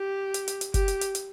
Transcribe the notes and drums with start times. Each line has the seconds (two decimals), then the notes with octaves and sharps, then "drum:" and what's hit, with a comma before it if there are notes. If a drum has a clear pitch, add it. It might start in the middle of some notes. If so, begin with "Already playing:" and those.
Already playing: G4
0.34 drum: hi-hat
0.48 drum: hi-hat
0.61 drum: hi-hat
0.74 G4, drum: kick F#1, hi-hat
0.88 drum: hi-hat
1.01 drum: hi-hat
1.15 drum: hi-hat